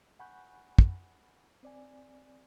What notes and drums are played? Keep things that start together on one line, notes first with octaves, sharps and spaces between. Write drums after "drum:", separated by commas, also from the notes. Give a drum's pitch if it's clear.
F#5 G#5 B5 C#6 F#6 G6
drum: kick
C4 D5 G#5